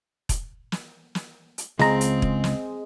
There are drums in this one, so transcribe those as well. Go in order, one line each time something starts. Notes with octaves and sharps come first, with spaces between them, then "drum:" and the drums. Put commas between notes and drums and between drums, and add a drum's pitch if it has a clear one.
drum: kick E1, hi-hat
drum: snare
drum: snare
drum: hi-hat
C#2 G#3 C4 A#5, drum: snare
drum: hi-hat
drum: kick E1
drum: snare